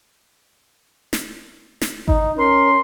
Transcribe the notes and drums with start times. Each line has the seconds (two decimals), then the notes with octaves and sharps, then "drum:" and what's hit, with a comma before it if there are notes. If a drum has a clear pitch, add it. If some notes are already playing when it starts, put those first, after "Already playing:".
1.13 drum: snare
1.81 drum: snare
2.08 D#4, drum: kick G#1
2.38 C#4 A#4 C6